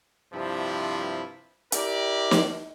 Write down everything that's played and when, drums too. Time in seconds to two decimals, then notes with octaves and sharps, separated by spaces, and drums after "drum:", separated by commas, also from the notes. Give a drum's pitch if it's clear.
0.33 G2 C3 F3 E4
1.72 E4 G4 A#4 D5, drum: hi-hat
2.31 drum: snare